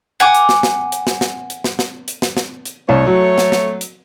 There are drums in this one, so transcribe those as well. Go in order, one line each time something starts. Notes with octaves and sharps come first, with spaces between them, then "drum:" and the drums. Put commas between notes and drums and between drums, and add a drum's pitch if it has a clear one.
F#5 G#5 D6
drum: hi-hat
drum: snare
drum: snare
drum: hi-hat
drum: snare
drum: snare
drum: hi-hat
drum: snare
drum: snare
drum: hi-hat
drum: snare
drum: snare
drum: hi-hat
C2 A3 C#5
F#3
drum: snare
drum: snare
drum: hi-hat